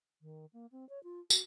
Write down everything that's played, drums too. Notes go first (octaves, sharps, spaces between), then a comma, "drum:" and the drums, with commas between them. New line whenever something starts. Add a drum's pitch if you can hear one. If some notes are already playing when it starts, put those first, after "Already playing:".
D#3
A#3
C4
C#5
F4
F#4, drum: tambourine